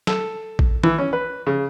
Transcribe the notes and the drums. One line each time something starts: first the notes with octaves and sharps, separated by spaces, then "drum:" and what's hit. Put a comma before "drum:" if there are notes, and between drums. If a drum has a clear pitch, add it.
A4, drum: snare F#3
drum: kick A1
E3, drum: tom
C#4
B4
C#3